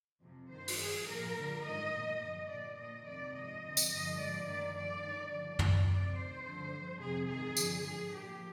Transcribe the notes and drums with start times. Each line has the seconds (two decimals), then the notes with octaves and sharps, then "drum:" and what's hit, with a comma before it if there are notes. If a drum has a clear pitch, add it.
0.22 F2 C3 F3
0.50 G2 D#3 C5
0.68 drum: open hi-hat
0.79 G2 F3 G#4
1.07 A#2 F3 A#4
1.35 G2 D3 F3
1.64 G#2 D#3 D#5
1.92 A#2 F3
2.20 G2 D3 F3 D#5
2.48 A#2 F3 D5
2.77 A#2 F3 D#5
3.05 F2 C3 D#3 D5
3.33 G#2 F3 D#5
3.62 F2 D3 F3
3.77 drum: tambourine
3.89 G2 D3 F3 D#5
4.17 G#2 F3 D5
4.45 G2 D#3 D5
4.74 G2 D3 F3 D5
5.02 G2 D#3
5.30 G2 D3 F3 D5
5.59 G#2 F3, drum: tom
5.87 F2 C3 F3 D5
6.15 G2 D#3 C5
6.44 G2 D3 F3
6.72 G2 F3
7.00 F2 C3 F3 G#4
7.28 G#2 D#3 G#4
7.57 G2 D3 F3, drum: tambourine
7.85 G#2 F3 G#4
8.13 A#2 F3 G4